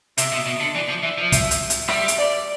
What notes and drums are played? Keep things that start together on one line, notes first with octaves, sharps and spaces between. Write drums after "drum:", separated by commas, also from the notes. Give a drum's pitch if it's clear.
C3 E5, drum: hi-hat
B2
B2
D3
E3 D5
F3
E3 E5
F3
E5, drum: kick, hi-hat
drum: hi-hat
drum: hi-hat
G3 E5, drum: rim click
drum: hi-hat
D5